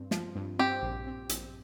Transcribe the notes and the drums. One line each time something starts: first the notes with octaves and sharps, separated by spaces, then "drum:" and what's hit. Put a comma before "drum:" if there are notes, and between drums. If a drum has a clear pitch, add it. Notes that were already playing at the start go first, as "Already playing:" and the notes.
Already playing: G2 C4
F3, drum: snare
G2
C4 G4
A#1
C4
A#1, drum: hi-hat